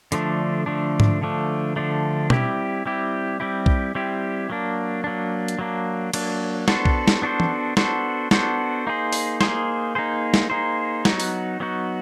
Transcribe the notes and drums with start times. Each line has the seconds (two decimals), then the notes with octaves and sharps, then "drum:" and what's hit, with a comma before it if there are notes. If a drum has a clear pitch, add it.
0.12 D3 F3 A3 D4, drum: hi-hat
0.66 D3 F3 A3 D4
1.00 drum: tom G#2
1.21 D3 F3 A3 D4
1.76 D3 F3 A3 D4
2.30 G3 C4 E4 G4, drum: tom B2
2.86 G3 C4 E4 G4
3.40 G3 C4 E4 G4
3.66 drum: kick B1
3.95 G3 C4 E4 G4
4.50 F#3 A#3 D4
5.04 F#3 A#3 D4
5.48 drum: hi-hat
5.59 F#3 A#3 D4
6.13 F#3 A#3 D4, drum: cymbal
6.68 B3 D4 F#4 A4 C5, drum: snare
6.85 drum: kick B1
7.08 drum: snare
7.22 B3 D4 F#4 A4 C5
7.40 drum: tom E3
7.77 B3 D4 F#4 A4 C5, drum: snare
8.31 B3 D4 F#4 A4 C5, drum: snare
8.87 A#3 D#4 G#4 C5
9.13 drum: open hi-hat
9.41 A#3 D#4 G#4 C5, drum: snare
9.95 A#3 D#4 G#4 C5
10.34 drum: snare
10.50 A#3 D#4 G#4 C5
11.05 F#3 B3 D#4 F#4, drum: snare
11.20 drum: open hi-hat
11.60 F#3 B3 D#4 F#4